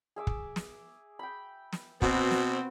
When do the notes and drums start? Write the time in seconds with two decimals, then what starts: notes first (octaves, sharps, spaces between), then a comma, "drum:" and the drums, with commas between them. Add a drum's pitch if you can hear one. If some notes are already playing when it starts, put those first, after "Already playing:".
0.16 G#4 E5 D6
0.27 drum: kick
0.56 drum: snare
1.19 G5 B5
1.73 drum: snare
2.02 B2 C4 F#4 B4 E5, drum: kick
2.31 drum: snare